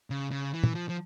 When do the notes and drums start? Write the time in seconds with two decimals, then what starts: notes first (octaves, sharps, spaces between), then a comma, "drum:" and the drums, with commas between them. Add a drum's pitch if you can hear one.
0.10 C#3
0.31 C#3
0.54 E3
0.63 drum: tom
0.75 F3
0.89 F3